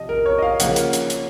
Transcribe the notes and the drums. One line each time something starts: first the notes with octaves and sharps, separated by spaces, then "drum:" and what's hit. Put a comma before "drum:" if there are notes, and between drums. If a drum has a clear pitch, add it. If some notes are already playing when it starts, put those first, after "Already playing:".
Already playing: C3 F3 D#5
A#4
C#5
D#5
F5
C#3 F3 A#3 C#4 F#5, drum: hi-hat
drum: hi-hat
drum: hi-hat
drum: hi-hat